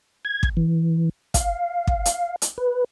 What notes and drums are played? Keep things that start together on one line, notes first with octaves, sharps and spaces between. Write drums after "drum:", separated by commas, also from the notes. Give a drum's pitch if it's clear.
G#6
drum: kick
E3
F5, drum: kick, hi-hat
drum: kick
drum: hi-hat
drum: hi-hat
B4